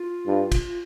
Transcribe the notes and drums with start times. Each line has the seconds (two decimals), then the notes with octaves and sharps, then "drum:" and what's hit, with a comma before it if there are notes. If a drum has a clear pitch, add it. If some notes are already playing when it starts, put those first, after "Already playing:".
Already playing: F4
0.27 G2
0.52 drum: kick, cymbal